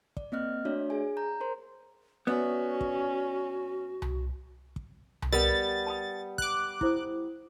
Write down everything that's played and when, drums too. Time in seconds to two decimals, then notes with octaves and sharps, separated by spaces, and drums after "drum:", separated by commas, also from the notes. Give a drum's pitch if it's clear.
0.17 D5, drum: kick
0.32 A#3 C4 D#5 F6 F#6
0.65 A3 D4 F#4 C#5 D5 E5
0.90 G#4 G#5
1.17 A#5 G6
1.40 A#4 C5 C6
2.27 G2 B3 C#4 F#4 D5 E5
2.81 drum: kick
4.02 drum: tom C2
4.76 drum: kick
5.22 drum: tom C2
5.33 G3 B3 A#4 A6
5.86 A5 B5 D#6
6.38 D6 F#6, drum: kick
6.81 E4 C5 D#6, drum: kick